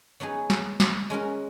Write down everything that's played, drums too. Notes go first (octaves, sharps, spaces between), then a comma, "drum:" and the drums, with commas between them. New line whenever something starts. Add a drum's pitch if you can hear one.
F#3 B3 D#4 G#4
drum: snare
drum: snare
G#3 C#4 F#4 A#4